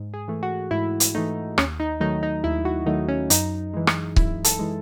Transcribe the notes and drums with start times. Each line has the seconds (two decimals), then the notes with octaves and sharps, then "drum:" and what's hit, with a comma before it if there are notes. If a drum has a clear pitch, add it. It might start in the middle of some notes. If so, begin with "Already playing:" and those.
Already playing: G#2
0.14 G#4
0.28 E3 A3
0.43 F#4
0.71 G#2 E4
1.00 drum: hi-hat
1.15 E3 A3 D#4
1.58 D#2 C#4, drum: rim click
1.80 D#4
2.00 D#3 F#3 A3 D#4
2.23 D#4
2.44 D#2 E4
2.65 F#4
2.86 D#3 F#3 A3 D#4
3.09 C#4
3.30 F#2 D#4, drum: hi-hat
3.74 E3 G#3
3.87 drum: rim click
4.16 F#2 E4, drum: kick C#1
4.44 A4, drum: hi-hat
4.59 E3 G#3